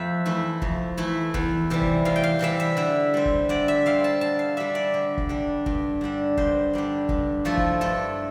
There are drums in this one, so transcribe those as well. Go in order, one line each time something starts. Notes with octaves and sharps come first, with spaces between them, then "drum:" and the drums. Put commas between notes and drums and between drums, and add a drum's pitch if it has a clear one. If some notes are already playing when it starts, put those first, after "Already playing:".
Already playing: F2 E5
E3 A3 E4
F2, drum: kick
E3 A3 E4
E2, drum: kick
C3 E3 G3
drum: kick
E2 F5
G5
F5
C3 E3 G3 E5
E5
D3 E5
G3 C4
drum: kick
D3 D5
E5
G3 C4 F5
A5
D3 A5
F5
G3 D4 E5
D5
D3
drum: kick
G3 D4
G2, drum: kick
D3 G3 D4
G2 C5, drum: kick
D3 G3 D4
G2, drum: kick
F3 A3 E4 A4
drum: kick
G2 A4